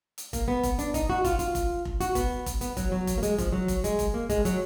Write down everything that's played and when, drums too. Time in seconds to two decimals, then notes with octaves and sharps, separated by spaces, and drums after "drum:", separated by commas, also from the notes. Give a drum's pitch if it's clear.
0.18 drum: hi-hat
0.33 A#3, drum: kick F1, hi-hat
0.48 B3
0.63 drum: kick F1, hi-hat
0.79 D4, drum: hi-hat
0.94 D#4, drum: kick F1, hi-hat
1.10 F#4
1.25 F4, drum: kick F1, hi-hat
1.39 F4, drum: hi-hat
1.55 drum: kick F1, hi-hat
1.85 drum: kick F1
2.01 F#4, drum: hi-hat
2.15 B3, drum: kick F1, hi-hat
2.46 drum: kick F1, hi-hat
2.61 B3, drum: hi-hat
2.77 F#3, drum: kick F1, hi-hat
2.92 F#3
3.07 drum: kick F1, hi-hat
3.18 A#3
3.23 G#3, drum: hi-hat
3.38 F3, drum: kick F1, hi-hat
3.53 F#3
3.68 drum: kick F1, hi-hat
3.84 G#3, drum: hi-hat
3.99 drum: kick F1, hi-hat
4.14 A#3
4.30 G#3, drum: kick F1, hi-hat
4.45 F#3, drum: hi-hat